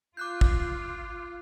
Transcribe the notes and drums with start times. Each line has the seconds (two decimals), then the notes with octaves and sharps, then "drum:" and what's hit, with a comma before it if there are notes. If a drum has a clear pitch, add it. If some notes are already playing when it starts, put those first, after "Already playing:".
0.17 F4 D6 F#6 G6
0.41 drum: kick